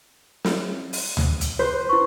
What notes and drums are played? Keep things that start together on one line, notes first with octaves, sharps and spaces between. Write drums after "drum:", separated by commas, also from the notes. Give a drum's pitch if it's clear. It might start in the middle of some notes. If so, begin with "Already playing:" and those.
drum: snare
drum: open hi-hat
drum: tom D2
drum: hi-hat
B4 C5 C6
E4 C#6